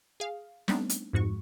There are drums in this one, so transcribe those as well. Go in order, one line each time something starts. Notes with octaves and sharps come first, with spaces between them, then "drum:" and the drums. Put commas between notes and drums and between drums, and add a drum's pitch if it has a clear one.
G#4 F5
G3 A3 B3 C4 D4 D#4, drum: snare
drum: hi-hat
F2 G#2 F#4 C#6